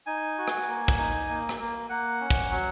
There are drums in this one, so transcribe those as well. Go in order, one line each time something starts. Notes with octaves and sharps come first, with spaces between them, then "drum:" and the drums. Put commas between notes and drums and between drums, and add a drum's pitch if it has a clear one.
D#4 G#5
F#4
drum: rim click
A#3
drum: kick
D#4
A#3
drum: rim click
A#3
A#3 F#5
C#4
drum: kick
F#3